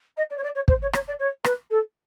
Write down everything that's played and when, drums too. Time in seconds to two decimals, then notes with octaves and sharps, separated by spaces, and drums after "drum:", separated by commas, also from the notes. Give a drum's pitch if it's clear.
0.17 D#5
0.30 D5
0.37 C#5
0.43 D5
0.55 C#5
0.68 C5, drum: kick
0.82 C#5
0.93 C#5, drum: rim click
1.07 D5
1.19 C#5
1.44 B4, drum: rim click
1.70 A4